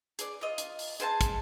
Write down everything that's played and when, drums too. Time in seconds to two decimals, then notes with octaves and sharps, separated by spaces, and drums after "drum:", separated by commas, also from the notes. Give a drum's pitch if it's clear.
0.19 G#4 D5, drum: hi-hat
0.41 F4 D#5
0.58 drum: hi-hat
0.79 drum: open hi-hat
1.00 G#4 C5 F5 A5, drum: hi-hat
1.21 drum: kick, hi-hat